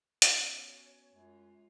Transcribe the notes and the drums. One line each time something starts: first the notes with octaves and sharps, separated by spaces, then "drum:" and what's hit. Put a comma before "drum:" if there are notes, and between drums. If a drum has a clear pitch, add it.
B3 C#4 F#4 C#5, drum: hi-hat
F#2 G#3 F4